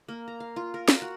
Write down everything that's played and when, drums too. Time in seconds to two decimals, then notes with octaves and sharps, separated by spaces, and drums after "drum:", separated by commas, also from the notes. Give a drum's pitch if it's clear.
0.08 A#3
0.28 A#5
0.40 F5
0.56 F4
0.74 A#4
0.88 A#5, drum: snare
1.02 F#4